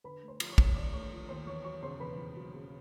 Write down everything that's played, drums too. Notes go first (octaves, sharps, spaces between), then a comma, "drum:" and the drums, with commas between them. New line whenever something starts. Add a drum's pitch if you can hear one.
D3 B4 B5
A3
C5 C6
F3, drum: cymbal
C#5 C#6
D#2, drum: kick
D3 D5 D6
A3 C#5 C#6
F3
D#2 C5 C6
E2 C#5 C#6
F#3 C#5 C#6
C#3 C5 C6
E1 B4 B5
E2
F#3
C#3